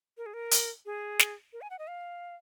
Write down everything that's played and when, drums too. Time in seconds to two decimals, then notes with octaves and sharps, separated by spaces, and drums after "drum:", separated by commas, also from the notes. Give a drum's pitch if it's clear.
0.17 A#4
0.26 G#4
0.34 A#4
0.51 drum: hi-hat
0.86 G#4
1.19 drum: snare
1.53 A#4
1.61 G#5
1.70 F#5
1.79 D#5
1.88 F5